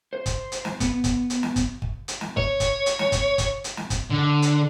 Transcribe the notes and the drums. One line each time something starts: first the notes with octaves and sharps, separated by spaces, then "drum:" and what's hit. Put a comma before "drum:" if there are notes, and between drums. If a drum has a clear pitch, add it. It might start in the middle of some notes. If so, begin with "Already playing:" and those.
C5
drum: kick, hi-hat
drum: hi-hat
drum: snare
B3, drum: kick, hi-hat
drum: kick, hi-hat
drum: hi-hat
drum: snare
drum: kick, hi-hat
drum: kick
drum: hi-hat
drum: snare
C#5, drum: kick
drum: kick, hi-hat
drum: hi-hat
drum: snare
drum: kick, hi-hat
drum: kick, hi-hat
drum: hi-hat
drum: snare
drum: kick, hi-hat
D3
drum: hi-hat